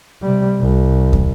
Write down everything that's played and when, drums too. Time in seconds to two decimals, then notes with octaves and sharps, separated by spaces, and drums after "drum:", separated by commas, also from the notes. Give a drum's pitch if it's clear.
0.22 C3 G3
0.61 C2
1.13 drum: kick